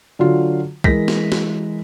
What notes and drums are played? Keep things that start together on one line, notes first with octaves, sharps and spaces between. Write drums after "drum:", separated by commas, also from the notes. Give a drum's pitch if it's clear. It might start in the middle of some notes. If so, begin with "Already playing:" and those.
D3 F#3 F4
E3 G#3 A#4 A#6 B6, drum: kick
drum: snare
drum: snare